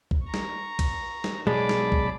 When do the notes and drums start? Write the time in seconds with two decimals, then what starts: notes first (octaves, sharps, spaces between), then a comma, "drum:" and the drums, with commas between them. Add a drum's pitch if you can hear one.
0.11 drum: kick B1
0.24 A#5 C#6
0.34 drum: snare
0.79 drum: kick B1, cymbal
1.24 drum: snare
1.47 B1 G#3 G#4 D5 A5 B5 D6
1.69 drum: snare
1.92 drum: kick B1